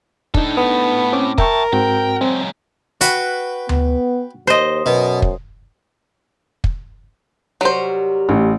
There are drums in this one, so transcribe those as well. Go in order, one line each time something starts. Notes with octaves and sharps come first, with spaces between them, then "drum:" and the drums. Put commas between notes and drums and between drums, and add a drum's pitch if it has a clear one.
A2 D4 D#4 A4, drum: kick
B3
C4 C#4 D6
A#4 E5 G5 A5 C#6, drum: kick
G#2 C4 F#4 G5
F#3 G#3 C4
F#4 B4 G5, drum: hi-hat
B3, drum: tom D2
D#2 C5 D#5
F#2 B2
drum: kick
drum: kick
C3 F#3 G3 A#4 C5
A1